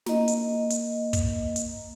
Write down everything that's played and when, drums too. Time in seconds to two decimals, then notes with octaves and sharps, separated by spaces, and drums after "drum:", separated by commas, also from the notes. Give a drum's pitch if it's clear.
0.06 A#3 D#5, drum: snare
0.28 drum: hi-hat
0.70 drum: hi-hat
1.13 drum: kick, hi-hat
1.56 drum: hi-hat